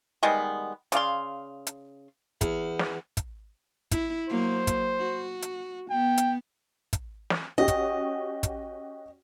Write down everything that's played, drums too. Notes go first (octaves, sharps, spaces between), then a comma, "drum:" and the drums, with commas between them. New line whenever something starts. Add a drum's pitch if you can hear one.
D#3 G3 G#3 B3
C#3 D5 F5 C6, drum: hi-hat
drum: hi-hat
E2, drum: kick, hi-hat
drum: snare
drum: kick, hi-hat
E4, drum: kick, hi-hat
F#3 A#3 C5
drum: kick, hi-hat
F#4
drum: hi-hat
B3 G5
drum: hi-hat
drum: kick, hi-hat
drum: snare
C#4 F#4 G4 D#5
drum: kick, hi-hat
drum: kick, hi-hat